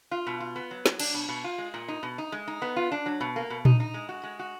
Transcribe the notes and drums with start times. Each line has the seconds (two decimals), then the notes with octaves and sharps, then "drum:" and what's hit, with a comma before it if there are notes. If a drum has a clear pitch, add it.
0.11 F4
0.27 B2
0.40 F4
0.56 B3
0.71 F#3
0.86 F#3, drum: snare
1.00 D4, drum: cymbal
1.14 B2
1.29 B2
1.44 F4
1.58 G#3
1.74 A#2
1.88 D#4
2.03 B2
2.18 D#4
2.32 G#3
2.47 D#4
2.62 B3
2.76 F4
2.92 D4
3.06 F#3
3.21 B2
3.36 A#3
3.50 B2
3.65 D#4, drum: tom A#2
3.80 D#4
3.94 G#3
4.09 F#4
4.23 G#3
4.39 F#4